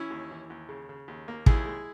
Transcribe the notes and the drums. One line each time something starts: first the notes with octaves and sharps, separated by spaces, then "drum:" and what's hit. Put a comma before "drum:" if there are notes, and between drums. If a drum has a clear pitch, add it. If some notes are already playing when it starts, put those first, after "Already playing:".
Already playing: E3 C#4 E4
D#2
E3
D#2
C#3
C#3
D#2
A#3
D#2 E4 G#4, drum: kick
G#3